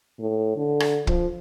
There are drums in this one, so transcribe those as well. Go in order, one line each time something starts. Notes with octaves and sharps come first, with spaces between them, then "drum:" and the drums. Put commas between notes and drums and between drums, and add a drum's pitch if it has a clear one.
A2
D3
drum: rim click
F3, drum: kick